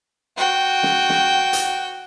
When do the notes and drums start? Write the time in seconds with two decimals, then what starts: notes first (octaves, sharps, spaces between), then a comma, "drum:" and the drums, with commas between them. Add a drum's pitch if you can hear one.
0.37 F#4 G5
0.83 drum: snare
1.09 drum: snare
1.53 drum: hi-hat